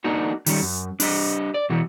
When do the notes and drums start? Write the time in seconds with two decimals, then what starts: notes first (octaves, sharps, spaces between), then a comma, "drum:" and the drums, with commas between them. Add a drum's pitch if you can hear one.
0.04 A#3 D4 D#4 F#4
0.46 D#3 G3 C#4, drum: open hi-hat
0.62 F#2
1.00 D4 G4 D#5, drum: open hi-hat
1.54 D5
1.70 B2 E3 F#4